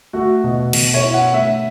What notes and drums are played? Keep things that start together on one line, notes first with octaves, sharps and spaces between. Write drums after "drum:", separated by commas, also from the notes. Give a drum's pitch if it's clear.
A3 F#4
B2
B2, drum: cymbal
C#5
E4
F#5
A3 E5